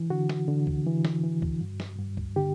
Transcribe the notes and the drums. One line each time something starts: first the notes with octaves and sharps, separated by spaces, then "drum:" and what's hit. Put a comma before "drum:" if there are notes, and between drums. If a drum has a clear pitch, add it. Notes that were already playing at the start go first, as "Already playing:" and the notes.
Already playing: E3
D3 F#4
drum: snare
D3
drum: kick
E3
drum: snare
E3
drum: kick
G2
drum: snare
G2
drum: kick
D3 G4